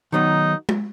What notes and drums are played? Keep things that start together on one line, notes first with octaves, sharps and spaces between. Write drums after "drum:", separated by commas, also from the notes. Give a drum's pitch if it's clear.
D#3 F#3 B3 D#4
drum: tom G#3